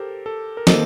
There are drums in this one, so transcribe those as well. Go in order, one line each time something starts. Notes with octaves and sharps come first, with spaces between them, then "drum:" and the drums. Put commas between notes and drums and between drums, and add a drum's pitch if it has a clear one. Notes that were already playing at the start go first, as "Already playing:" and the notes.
Already playing: G4 A4 A#4 C5
A4
A#4
D#3 A#3 D#4 A4 C5, drum: snare